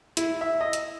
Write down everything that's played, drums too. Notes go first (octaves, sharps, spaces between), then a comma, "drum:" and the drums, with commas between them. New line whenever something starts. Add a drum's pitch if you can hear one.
E4, drum: hi-hat
E5
D#5
drum: hi-hat